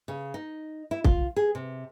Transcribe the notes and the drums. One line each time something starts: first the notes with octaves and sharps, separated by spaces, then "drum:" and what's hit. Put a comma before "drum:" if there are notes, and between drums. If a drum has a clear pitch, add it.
C#3
D#4
E4
F4, drum: kick
G#4
C3